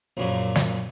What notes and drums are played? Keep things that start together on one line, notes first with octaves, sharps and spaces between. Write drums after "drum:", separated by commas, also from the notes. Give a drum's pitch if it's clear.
A#1 F#2 A#2
drum: snare